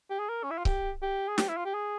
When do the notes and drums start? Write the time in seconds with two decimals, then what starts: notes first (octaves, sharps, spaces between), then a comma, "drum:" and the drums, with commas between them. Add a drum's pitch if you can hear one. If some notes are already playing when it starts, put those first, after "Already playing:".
0.10 G4
0.19 G#4
0.29 A#4
0.44 C#4
0.51 E4
0.58 F4
0.65 G4, drum: kick C#1
1.02 G4
1.28 G#4
1.38 G4, drum: snare
1.48 E4
1.57 F4
1.65 G4
1.74 G#4